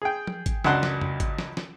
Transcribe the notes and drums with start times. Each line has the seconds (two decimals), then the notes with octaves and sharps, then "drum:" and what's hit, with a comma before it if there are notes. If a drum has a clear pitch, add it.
0.02 G#4 G5
0.27 drum: tom
0.46 drum: kick G#1, hi-hat
0.64 C#2 F#2 D4 F#5 A5 C6, drum: snare
0.83 drum: snare
1.01 drum: tom
1.20 drum: kick G#1, hi-hat
1.39 drum: snare
1.57 drum: snare